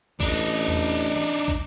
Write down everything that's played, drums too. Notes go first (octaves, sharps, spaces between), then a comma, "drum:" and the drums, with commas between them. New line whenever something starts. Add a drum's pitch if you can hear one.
A1 D4 D#4, drum: kick
drum: tom E2
drum: tom E3
drum: kick